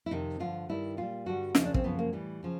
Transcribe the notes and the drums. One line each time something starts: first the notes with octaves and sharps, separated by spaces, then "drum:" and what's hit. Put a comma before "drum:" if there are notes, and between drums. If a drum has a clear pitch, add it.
E4
F2 C3 D#3 D#4
G2 D3 F3 F4
G2 D#3 G3 E4
A#2 G3 F4
G2 D3 G3 F#4
D#2 C#3 F3 D#4, drum: snare
D4
C4, drum: kick
F#2 C#3 F3 B3
A#3
A2 E3 G3
C#3 F3